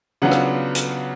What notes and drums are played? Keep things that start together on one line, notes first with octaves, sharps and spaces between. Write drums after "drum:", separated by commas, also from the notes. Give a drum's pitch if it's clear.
C#3 F#3 B3 D4 F4 F#5
drum: rim click
drum: hi-hat